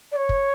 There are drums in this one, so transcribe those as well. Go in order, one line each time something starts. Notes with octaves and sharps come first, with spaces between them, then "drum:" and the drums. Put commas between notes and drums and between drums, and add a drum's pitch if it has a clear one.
D5
C#5
drum: kick